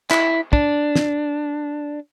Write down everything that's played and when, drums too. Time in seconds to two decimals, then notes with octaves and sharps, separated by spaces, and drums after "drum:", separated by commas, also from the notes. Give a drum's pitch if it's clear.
0.11 E4, drum: clap
0.53 D4, drum: kick
0.96 drum: snare